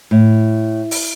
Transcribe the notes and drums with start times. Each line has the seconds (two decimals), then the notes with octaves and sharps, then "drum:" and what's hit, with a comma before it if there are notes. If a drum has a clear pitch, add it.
0.11 A2
0.91 drum: open hi-hat